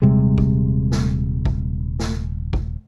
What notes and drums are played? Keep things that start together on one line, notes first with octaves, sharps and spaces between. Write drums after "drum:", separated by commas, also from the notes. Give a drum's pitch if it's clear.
D#1 C3 G3 G#3
drum: kick
drum: snare
drum: kick
drum: snare
drum: kick